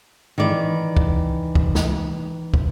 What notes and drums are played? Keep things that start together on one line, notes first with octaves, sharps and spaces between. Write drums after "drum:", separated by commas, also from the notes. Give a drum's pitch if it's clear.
D#3 E3 D5
drum: kick
drum: kick
drum: snare
drum: kick